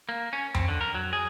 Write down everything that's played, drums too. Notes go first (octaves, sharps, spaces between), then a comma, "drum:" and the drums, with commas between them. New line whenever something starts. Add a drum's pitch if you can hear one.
A#3
C#4
C4, drum: tom F2
D3
A#4
F#3
G#4